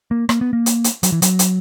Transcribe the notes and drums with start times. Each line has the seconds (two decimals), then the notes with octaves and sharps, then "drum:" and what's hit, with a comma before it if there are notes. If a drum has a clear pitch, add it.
0.11 A#3
0.29 A#3, drum: rim click
0.41 B3
0.53 A#3
0.66 drum: hi-hat
0.84 drum: hi-hat
1.03 F#3, drum: hi-hat
1.12 E3
1.22 F#3, drum: hi-hat
1.39 drum: hi-hat